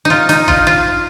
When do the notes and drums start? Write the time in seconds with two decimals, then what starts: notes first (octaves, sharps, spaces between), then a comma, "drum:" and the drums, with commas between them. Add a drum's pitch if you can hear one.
0.05 D#4 F4
0.29 D#4, drum: hi-hat
0.48 F4, drum: kick A1
0.67 F4